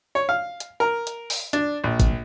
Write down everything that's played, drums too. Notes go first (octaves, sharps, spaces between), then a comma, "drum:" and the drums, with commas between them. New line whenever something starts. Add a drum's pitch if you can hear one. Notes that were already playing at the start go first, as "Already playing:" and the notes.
C#5
F5
drum: hi-hat
A#4
drum: hi-hat
drum: open hi-hat
D4, drum: hi-hat
A#1
drum: kick G#1, hi-hat